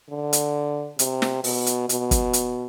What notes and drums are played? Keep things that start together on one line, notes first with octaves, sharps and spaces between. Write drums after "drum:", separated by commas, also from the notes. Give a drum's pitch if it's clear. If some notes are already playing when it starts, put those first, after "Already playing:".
D3
drum: hi-hat
C3, drum: hi-hat
drum: snare
B2, drum: open hi-hat
drum: hi-hat
B2, drum: hi-hat
drum: kick, hi-hat
drum: hi-hat